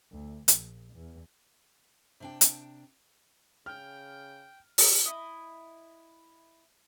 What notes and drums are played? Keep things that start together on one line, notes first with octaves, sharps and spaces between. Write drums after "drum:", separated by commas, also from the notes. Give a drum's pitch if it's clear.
D2
A#1, drum: hi-hat
E2
C3 D4 G5
drum: hi-hat
C#3 G5 F6
drum: open hi-hat
E4 D#5